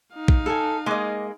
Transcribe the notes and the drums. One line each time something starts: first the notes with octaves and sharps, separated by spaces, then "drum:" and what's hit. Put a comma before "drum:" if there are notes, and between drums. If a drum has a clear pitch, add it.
D#4 F5
drum: kick A#1
A4 G#5
G#3 A#3 D#5 D6